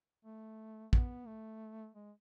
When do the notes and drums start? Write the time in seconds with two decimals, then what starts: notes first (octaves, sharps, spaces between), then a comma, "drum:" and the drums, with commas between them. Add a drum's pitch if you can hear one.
0.25 A3
0.93 B3, drum: kick
1.27 A3
1.95 G#3